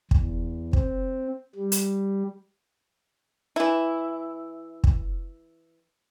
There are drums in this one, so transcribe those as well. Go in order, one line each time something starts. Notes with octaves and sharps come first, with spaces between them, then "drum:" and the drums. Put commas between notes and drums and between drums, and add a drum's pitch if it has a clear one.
E2, drum: kick
C4, drum: kick
G3
drum: hi-hat
E3 E4
drum: kick